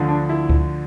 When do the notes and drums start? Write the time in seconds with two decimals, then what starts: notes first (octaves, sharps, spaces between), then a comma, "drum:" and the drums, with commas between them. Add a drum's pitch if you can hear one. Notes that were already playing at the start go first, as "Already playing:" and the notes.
Already playing: D2 D3 F3
0.08 D4
0.29 E4
0.50 drum: kick D2